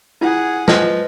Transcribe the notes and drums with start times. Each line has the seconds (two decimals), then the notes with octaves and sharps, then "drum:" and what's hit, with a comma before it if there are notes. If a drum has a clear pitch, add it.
0.21 E4 F4 G#4 F#5
0.68 F3 B4 D#5 A#6, drum: snare